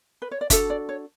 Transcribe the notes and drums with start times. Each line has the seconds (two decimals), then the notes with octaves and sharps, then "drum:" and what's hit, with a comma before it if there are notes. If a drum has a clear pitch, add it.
0.22 B4
0.31 C#5
0.41 D5
0.50 D4 F#4 A4 E5, drum: kick F#1, hi-hat
0.70 D5
0.89 C#5